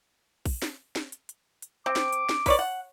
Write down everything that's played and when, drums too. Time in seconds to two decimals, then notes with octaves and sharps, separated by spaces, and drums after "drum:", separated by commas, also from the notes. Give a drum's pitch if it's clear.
0.46 drum: kick A#1, open hi-hat
0.62 drum: snare
0.96 drum: snare
1.12 drum: hi-hat
1.29 drum: hi-hat
1.62 drum: hi-hat
1.86 C4 D6
1.96 drum: snare
2.13 drum: hi-hat
2.29 drum: snare
2.46 B4 C#5 D5, drum: kick A#1, open hi-hat
2.59 F#5